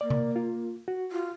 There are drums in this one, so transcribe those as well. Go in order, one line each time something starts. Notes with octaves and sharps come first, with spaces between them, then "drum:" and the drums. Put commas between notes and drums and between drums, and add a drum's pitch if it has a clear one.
A#3 D5
drum: tom C3
F4
F#4
F4